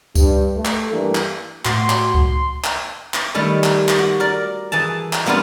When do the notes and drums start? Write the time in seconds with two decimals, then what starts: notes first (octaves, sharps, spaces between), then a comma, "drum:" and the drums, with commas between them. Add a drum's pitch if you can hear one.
0.15 G2, drum: kick C#2, tambourine
0.55 A3
0.65 drum: clap
0.90 G2 E3 A3 A#3
1.15 drum: clap
1.65 A2 A3 F#4 C6, drum: clap
1.90 drum: clap
2.14 drum: kick C#2
2.64 drum: clap
3.14 drum: clap
3.35 D#3 G3 A3 E4
3.64 drum: clap
3.89 drum: clap
3.98 F#4
4.20 A#4 D5
4.72 E3 G#4 A5
5.13 drum: clap
5.26 G3 A#3 B3 D4 F4